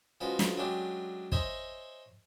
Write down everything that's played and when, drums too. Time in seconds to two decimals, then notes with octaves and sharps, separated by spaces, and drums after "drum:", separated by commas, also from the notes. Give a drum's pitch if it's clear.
0.21 F3 G#3 C#4 F#4 B4
0.39 drum: snare
0.57 F#3 G#3 A3 C#4 D4 G4
1.32 C5 C#5 D#5 E5 G#5 A#5, drum: kick